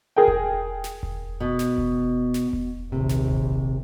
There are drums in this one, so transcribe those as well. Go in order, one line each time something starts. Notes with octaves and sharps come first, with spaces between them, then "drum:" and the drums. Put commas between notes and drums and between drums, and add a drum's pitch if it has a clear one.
G#4 A#4 G5
drum: kick E1
drum: snare
drum: kick E1
B2
drum: snare
drum: kick E1
drum: snare
drum: kick E1
A#1 D#2 C3
drum: snare
drum: kick E1